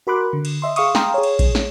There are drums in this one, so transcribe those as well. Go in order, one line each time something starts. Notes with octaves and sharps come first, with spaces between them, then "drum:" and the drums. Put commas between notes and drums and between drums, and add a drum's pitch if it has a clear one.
F#4 A#4 B5 C6 D6 F#6
D3
drum: cymbal
D#5 E5 C6
G#4 F5 C6 C#6 D#6, drum: cymbal
F5 G5 A#5 C6 D#6 F6, drum: snare
G#4 C#5
drum: cymbal
drum: kick A#1, cymbal
drum: snare